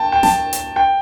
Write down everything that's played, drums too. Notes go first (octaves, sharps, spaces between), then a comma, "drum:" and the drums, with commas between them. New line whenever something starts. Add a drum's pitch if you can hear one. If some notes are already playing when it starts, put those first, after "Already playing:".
Already playing: G5 A5
G5
A5, drum: snare
drum: hi-hat
G5